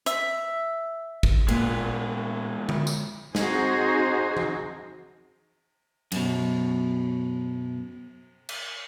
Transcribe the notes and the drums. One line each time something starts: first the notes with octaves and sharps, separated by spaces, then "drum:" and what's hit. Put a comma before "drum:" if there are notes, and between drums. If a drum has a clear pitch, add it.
E5, drum: hi-hat
drum: kick A1
A#2 G#3 B3, drum: cymbal
drum: tom D3
drum: tambourine
C4 D#4 F#4 G#4 C5, drum: snare
drum: tom E3
F#2 B2, drum: cymbal
drum: cymbal